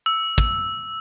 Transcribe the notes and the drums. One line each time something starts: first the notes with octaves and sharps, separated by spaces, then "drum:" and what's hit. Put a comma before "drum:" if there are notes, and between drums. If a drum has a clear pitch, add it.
E6
drum: kick